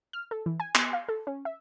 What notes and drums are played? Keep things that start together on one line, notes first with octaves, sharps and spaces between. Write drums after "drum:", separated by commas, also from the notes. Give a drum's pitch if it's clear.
F6
A4
E3
G#5
B3, drum: clap
F5
A4
C#4
E5